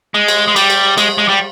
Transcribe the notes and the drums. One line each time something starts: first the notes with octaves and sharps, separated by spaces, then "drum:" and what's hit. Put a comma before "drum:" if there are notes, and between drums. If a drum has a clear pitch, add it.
G#3
drum: cymbal
G#3
G3, drum: cymbal
drum: cymbal
G#3, drum: cymbal
G#3
G3